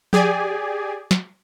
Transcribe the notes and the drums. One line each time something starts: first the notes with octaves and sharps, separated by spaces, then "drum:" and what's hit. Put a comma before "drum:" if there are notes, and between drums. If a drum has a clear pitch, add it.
G4 G#4 D5 G#5, drum: tom F3
drum: snare